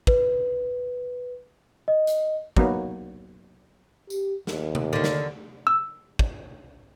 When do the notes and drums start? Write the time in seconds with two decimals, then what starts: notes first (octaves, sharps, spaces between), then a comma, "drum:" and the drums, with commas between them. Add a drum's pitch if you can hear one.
0.07 B4, drum: kick
1.88 D#5
2.07 drum: hi-hat
2.56 F#3 A#3 B3 D#4, drum: kick
4.10 G4, drum: tambourine
4.47 D#2, drum: snare
4.75 drum: tom C3
4.93 D3 D#3
5.04 drum: snare
5.67 E6
6.19 drum: kick